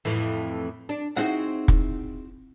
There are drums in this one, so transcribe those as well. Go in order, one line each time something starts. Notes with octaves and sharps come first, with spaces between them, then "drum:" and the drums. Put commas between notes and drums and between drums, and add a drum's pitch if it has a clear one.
F2 A2 E3
D4
C4 D#4 E4 F#4 G#4 F#5
drum: kick